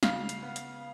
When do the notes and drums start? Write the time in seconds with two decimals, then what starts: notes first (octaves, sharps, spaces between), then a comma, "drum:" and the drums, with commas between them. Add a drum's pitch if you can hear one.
0.03 C#3 F5, drum: snare
0.29 drum: hi-hat
0.43 B3
0.56 drum: hi-hat